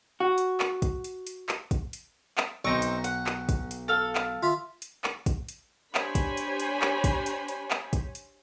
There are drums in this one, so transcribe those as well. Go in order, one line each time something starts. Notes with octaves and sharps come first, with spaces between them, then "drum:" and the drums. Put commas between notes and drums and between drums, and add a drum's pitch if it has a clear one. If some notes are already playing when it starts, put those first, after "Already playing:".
F#4
drum: hi-hat
drum: clap
drum: kick, hi-hat
drum: hi-hat
drum: hi-hat
drum: clap
drum: kick, hi-hat
drum: hi-hat
drum: clap
B1 C4 D#4 C5 C#6
drum: hi-hat
F#5, drum: hi-hat
drum: clap
drum: kick, hi-hat
drum: hi-hat
A4 F5 E6
drum: clap
F4 E5
drum: hi-hat
drum: clap
drum: kick, hi-hat
drum: hi-hat
D4 G4 C5 C#5 G#5 B5, drum: clap
drum: kick, hi-hat
drum: hi-hat
drum: hi-hat
drum: clap
drum: kick, hi-hat
drum: hi-hat
drum: hi-hat
drum: clap
drum: kick, hi-hat
drum: hi-hat